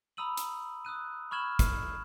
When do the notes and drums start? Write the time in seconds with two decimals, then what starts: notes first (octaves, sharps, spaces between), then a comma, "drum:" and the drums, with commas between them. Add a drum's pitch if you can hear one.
0.17 A#5 B5 D#6 E6 D#7 F#7
0.37 drum: hi-hat
0.85 D#6 E6 F#6 D#7
1.31 B5 C#6 F6 G#6 E7 F#7
1.59 drum: kick, hi-hat